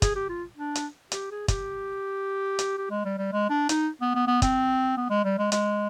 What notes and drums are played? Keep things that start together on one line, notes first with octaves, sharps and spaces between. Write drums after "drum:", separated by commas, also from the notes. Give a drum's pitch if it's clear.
G#4, drum: kick, hi-hat
G4
F4
D4
drum: hi-hat
G4, drum: hi-hat
G#4
G4, drum: kick, hi-hat
drum: hi-hat
G4
G#3
G3
G3
G#3
D4
D#4, drum: hi-hat
B3
B3
B3
C4, drum: kick, hi-hat
B3
G#3
G3
G#3
G#3, drum: hi-hat